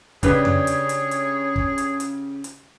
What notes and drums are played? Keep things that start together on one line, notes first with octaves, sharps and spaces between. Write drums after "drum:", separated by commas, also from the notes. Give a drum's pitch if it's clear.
C#3 D4 G4 G#4 B4 C#5, drum: kick, hi-hat
drum: tom F2
drum: hi-hat
drum: hi-hat
drum: hi-hat
drum: kick
drum: hi-hat
drum: hi-hat
drum: hi-hat